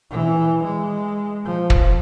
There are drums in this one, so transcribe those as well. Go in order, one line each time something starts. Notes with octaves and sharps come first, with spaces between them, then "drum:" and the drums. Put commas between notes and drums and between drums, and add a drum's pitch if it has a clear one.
E3
G#3
F3
drum: kick